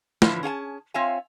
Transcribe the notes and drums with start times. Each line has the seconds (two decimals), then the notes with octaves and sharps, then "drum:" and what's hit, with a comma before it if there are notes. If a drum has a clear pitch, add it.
0.22 A2 D3 E3 F3 E4, drum: snare
0.43 C#4 G#4 F5 A5
0.94 C4 F4 C#5 E5 F5 G#5